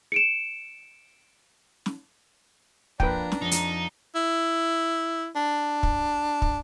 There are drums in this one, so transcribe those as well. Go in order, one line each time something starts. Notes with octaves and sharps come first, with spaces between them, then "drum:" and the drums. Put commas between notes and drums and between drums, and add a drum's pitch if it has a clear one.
C#7 D7 E7
drum: snare
F3 A#3 D4 B4 G5 A#5, drum: kick
drum: snare
F2 F3 D#4
drum: hi-hat
E4
D4
drum: kick
drum: kick